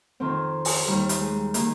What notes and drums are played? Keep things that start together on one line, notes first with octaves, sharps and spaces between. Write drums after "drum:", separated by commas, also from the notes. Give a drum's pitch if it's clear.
F2 D#3 C4
drum: open hi-hat
D#2 D#3 G3
drum: hi-hat
G#3
D#3 A#3, drum: hi-hat